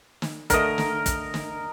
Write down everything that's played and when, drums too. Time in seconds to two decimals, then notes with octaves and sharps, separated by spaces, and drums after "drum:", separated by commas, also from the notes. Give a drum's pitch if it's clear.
0.22 drum: snare
0.50 D3 A3 A#4 D#5, drum: kick, hi-hat
0.78 drum: snare
1.06 drum: kick, hi-hat
1.34 drum: snare